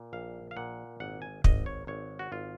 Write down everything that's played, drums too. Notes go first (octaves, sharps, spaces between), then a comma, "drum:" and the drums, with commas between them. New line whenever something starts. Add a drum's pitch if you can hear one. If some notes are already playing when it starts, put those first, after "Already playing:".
Already playing: A#2
A#1 F5
F5
A#2 F#5
G#1 F#5
G#5
G#1 D#5, drum: kick
C#5
G#1 C#5
F#4
G#1 F4